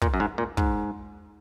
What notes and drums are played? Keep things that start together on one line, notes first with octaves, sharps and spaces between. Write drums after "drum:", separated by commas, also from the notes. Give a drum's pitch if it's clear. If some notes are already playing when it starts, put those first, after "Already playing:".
A#2, drum: kick
F#2
G#2
A#2
G#2, drum: kick